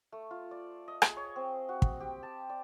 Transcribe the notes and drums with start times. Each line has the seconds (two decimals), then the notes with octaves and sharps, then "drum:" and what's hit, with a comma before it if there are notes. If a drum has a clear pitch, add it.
0.12 A3
0.31 F4
0.51 D5
0.88 D#5
1.02 G#4, drum: rim click
1.17 C#5
1.36 C4
1.69 F#4
1.82 drum: kick
2.00 G4
2.23 A5
2.50 D5